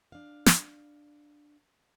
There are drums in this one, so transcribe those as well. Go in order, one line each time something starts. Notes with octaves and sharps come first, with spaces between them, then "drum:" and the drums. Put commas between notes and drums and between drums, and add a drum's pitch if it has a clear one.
D4 F5
drum: snare